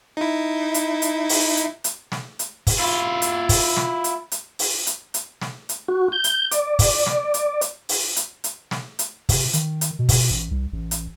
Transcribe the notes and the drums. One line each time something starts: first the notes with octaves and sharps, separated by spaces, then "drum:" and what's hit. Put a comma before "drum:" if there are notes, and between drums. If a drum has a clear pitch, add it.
D#4 E4
drum: hi-hat
drum: hi-hat
drum: open hi-hat
drum: hi-hat
drum: hi-hat
drum: snare
drum: hi-hat
drum: kick, open hi-hat
E4 F4
drum: hi-hat
drum: kick, open hi-hat
drum: snare
drum: hi-hat
drum: hi-hat
drum: open hi-hat
drum: hi-hat
drum: hi-hat
drum: snare
drum: hi-hat
F#4
G6
drum: hi-hat
D5, drum: hi-hat
drum: kick, open hi-hat
drum: snare
drum: hi-hat
drum: hi-hat
drum: open hi-hat
drum: hi-hat
drum: hi-hat
drum: snare
drum: hi-hat
C3, drum: kick, open hi-hat
D#3, drum: hi-hat
drum: hi-hat
B2
drum: kick, open hi-hat
A1
C2
A1
drum: hi-hat